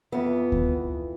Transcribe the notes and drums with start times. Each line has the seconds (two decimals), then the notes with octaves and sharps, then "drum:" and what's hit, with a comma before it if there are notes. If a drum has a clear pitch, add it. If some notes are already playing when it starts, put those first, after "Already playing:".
0.12 F2 E3 B3
0.52 drum: kick D2